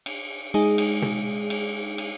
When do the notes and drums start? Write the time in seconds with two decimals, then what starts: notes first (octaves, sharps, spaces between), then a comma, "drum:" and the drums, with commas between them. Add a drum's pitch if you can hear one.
0.06 drum: cymbal
0.54 G#3 D#4 G#4
0.78 drum: cymbal
1.02 drum: tom
1.50 drum: cymbal
1.98 drum: cymbal